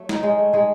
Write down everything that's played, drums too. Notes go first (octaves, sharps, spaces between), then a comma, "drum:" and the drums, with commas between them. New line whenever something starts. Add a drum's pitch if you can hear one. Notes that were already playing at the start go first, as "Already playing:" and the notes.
Already playing: F#3 A3
D#4, drum: snare
D#3 G#3 G#4
A3
D#3 G#3 G#4